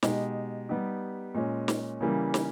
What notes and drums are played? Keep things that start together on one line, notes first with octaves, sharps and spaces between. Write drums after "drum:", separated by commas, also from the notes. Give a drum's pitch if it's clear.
B2 G#3 D#4 G4, drum: snare
G3 B3 D#4 G4
A#2 G#3 C#4
drum: snare
C#3 E3 G3 A#3
drum: snare